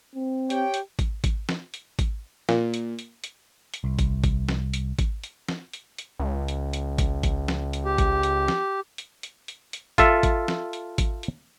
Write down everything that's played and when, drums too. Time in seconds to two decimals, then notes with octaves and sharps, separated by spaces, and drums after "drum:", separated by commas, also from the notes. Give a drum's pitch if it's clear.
0.15 C4
0.50 G4 C#5 G5, drum: hi-hat
0.74 drum: hi-hat
0.99 drum: kick G#1, hi-hat
1.24 drum: kick G#1, hi-hat
1.49 drum: snare
1.74 drum: hi-hat
1.99 drum: kick G#1, hi-hat
2.49 A#2, drum: snare
2.74 drum: hi-hat
2.99 drum: hi-hat
3.24 drum: hi-hat
3.74 drum: hi-hat
3.84 C2
3.99 drum: kick G#1, hi-hat
4.24 drum: kick G#1, hi-hat
4.49 drum: snare
4.74 drum: hi-hat
4.99 drum: kick G#1, hi-hat
5.24 drum: hi-hat
5.49 drum: snare
5.73 drum: hi-hat
5.98 drum: hi-hat
6.19 C#2
6.48 drum: hi-hat
6.73 drum: hi-hat
6.98 drum: kick G#1, hi-hat
7.23 drum: kick G#1, hi-hat
7.48 drum: snare
7.73 drum: hi-hat
7.85 G4
7.98 drum: kick G#1, hi-hat
8.23 drum: hi-hat
8.48 drum: snare
8.98 drum: hi-hat
9.23 drum: hi-hat
9.48 drum: hi-hat
9.73 drum: hi-hat
9.98 F4 A4 E5, drum: kick G#1, hi-hat
10.23 drum: kick G#1, hi-hat
10.48 drum: snare
10.73 drum: hi-hat
10.98 drum: kick G#1, hi-hat
11.23 drum: hi-hat